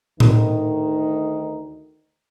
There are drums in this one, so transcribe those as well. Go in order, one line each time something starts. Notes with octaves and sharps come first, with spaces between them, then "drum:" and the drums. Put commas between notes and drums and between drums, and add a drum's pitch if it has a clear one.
D2 D#3 D#4, drum: tom A2